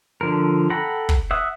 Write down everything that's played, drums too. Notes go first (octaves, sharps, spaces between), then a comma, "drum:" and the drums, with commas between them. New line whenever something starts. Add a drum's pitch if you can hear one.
D3 F3 A#4
A4 F#5 G5 A#5 B5
drum: kick
E5 F#5 D#6